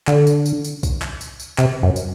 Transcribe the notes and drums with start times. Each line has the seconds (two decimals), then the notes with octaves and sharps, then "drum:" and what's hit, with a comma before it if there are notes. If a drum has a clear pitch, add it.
0.08 D3, drum: clap
0.27 drum: tambourine
0.46 drum: tambourine
0.64 drum: tambourine
0.83 drum: kick B1, tambourine
1.02 drum: clap
1.21 drum: tambourine
1.40 drum: tambourine
1.58 C3, drum: clap
1.83 F#2
1.96 drum: tambourine